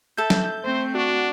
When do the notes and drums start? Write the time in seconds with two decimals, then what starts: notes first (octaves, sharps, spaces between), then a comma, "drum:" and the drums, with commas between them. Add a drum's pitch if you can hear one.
0.17 A4 E5 G6
0.30 drum: snare
0.64 A3 C4 C5
0.95 D4 F#4